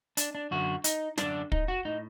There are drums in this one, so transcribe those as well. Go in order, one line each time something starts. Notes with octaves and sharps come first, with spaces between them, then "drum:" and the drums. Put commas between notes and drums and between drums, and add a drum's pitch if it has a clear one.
D4, drum: hi-hat
D4
F#2 D3 F#4
D#4, drum: hi-hat
F#2 D3 D4, drum: snare
D#4, drum: kick
F#4
A2 D#4